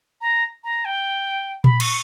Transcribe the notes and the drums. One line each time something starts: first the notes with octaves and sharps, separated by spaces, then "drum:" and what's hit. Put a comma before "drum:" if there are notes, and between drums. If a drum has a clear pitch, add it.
A#5
A#5
G5
B5, drum: tom A#2
C#6, drum: cymbal